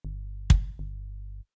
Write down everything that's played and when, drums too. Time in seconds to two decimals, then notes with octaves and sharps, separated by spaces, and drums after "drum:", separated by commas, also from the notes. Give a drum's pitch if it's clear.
0.05 G1
0.50 drum: kick
0.79 G1